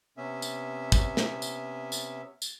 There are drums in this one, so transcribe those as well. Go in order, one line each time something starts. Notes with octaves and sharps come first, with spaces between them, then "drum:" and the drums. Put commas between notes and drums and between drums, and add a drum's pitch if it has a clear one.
C3 B3 C#4 E5
drum: tambourine
drum: kick, tambourine
drum: snare
drum: tambourine
drum: tambourine
drum: tambourine